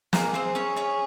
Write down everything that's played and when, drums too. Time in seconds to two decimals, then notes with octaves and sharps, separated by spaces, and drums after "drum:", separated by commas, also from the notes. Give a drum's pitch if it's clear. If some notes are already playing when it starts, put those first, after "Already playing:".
0.13 A#3 G#4 A#4, drum: snare
0.34 C4 C5
0.55 C#4 C#5
0.76 C#4 C#5